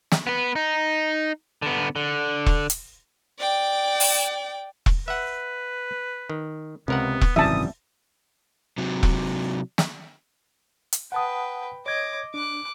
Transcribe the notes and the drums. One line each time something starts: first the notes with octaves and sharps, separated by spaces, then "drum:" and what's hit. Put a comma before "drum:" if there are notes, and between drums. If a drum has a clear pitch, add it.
drum: snare
B3 B4
D#4
D3 B3
D3
drum: kick E1
drum: hi-hat
D5 G5
drum: open hi-hat
drum: kick E1
B4 E5 F#5
D#3
C#2 C3 B3 A#4 F#5
drum: kick E1
G#1 F#2 C3 E3 G3 E5 A5 D#6
C3 F#3
drum: kick E1
drum: snare
drum: hi-hat
B4 F#5 G5 A5 D#6
C#5 D#5 D6 G#6
D4 D6 F#6